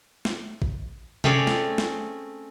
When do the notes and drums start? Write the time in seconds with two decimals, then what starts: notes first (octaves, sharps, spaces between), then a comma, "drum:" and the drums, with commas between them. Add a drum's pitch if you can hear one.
0.25 drum: snare
0.62 drum: kick A1
1.24 A3 C4 C#4 G#4 C#5 D5, drum: tom C3
1.47 drum: snare
1.78 drum: snare